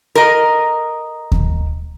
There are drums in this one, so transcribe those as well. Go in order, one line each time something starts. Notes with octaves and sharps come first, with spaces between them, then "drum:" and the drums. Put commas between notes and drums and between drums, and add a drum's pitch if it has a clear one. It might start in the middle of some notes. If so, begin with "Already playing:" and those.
A#4 D#5
drum: kick D#2